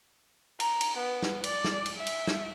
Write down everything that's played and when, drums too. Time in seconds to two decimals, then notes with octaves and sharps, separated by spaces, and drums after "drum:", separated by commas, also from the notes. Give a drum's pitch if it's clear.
0.60 A#5, drum: cymbal
0.81 drum: cymbal
0.98 B3
1.23 drum: snare
1.44 D5, drum: cymbal
1.65 drum: snare
1.85 drum: cymbal
1.97 E5
2.06 drum: cymbal
2.27 drum: snare